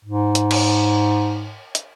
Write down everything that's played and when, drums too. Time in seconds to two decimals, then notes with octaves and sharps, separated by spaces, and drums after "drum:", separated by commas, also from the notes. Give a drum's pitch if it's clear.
0.05 G#2
0.35 drum: hi-hat
0.51 drum: cymbal
1.75 drum: hi-hat